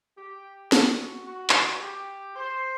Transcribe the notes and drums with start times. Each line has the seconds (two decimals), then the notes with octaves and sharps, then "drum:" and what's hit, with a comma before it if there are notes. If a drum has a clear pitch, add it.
0.18 G4
0.72 F#4, drum: snare
1.26 F#4
1.50 drum: clap
1.80 G4
2.36 C5